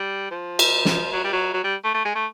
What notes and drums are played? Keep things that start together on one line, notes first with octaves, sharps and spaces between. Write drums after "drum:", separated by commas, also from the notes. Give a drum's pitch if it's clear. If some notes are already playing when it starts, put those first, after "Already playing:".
Already playing: G3
F3
drum: cymbal
drum: snare
F#3
G3
F#3
F#3
G3
A3
A3
G#3
A3